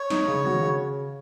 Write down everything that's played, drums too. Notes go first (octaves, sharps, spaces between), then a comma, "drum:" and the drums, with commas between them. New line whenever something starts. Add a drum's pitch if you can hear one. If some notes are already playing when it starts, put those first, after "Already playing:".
Already playing: C#5
D#4, drum: snare
C#3
F#4, drum: tom D#3
C#3